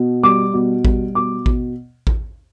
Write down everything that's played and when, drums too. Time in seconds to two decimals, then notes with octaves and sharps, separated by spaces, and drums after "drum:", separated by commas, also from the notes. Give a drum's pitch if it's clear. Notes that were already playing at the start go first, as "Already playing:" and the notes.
Already playing: B2
0.23 G3 D6
0.54 B2
0.85 G3, drum: kick A1
1.15 B2 D6
1.46 B2, drum: kick A1
2.07 drum: kick A1